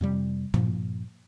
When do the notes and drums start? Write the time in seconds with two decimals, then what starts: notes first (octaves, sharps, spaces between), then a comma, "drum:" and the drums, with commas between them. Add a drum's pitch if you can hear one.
0.01 F2 C3 G3
0.54 G2 A#2 F3 A#3, drum: tom